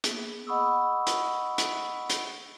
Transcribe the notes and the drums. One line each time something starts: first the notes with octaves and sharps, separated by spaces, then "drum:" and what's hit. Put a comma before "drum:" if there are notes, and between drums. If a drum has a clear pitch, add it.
A#3 B3 G#4, drum: hi-hat
D#5 F#5 B5 C#6 D#6 E6
drum: hi-hat
drum: hi-hat
drum: hi-hat